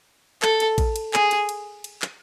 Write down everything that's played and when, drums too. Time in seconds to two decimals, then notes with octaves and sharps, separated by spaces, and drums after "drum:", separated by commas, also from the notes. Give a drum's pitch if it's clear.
0.42 A4, drum: clap
0.60 drum: cymbal
0.78 drum: kick, cymbal
0.96 drum: cymbal
1.14 G#4, drum: clap
1.31 drum: cymbal
1.49 drum: cymbal
1.84 drum: cymbal
2.02 drum: clap